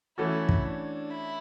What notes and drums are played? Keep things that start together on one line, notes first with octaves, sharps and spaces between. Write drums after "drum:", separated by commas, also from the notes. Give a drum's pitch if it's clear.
E3 A3 C#4 E4 F#4 A4
drum: kick
D4
E4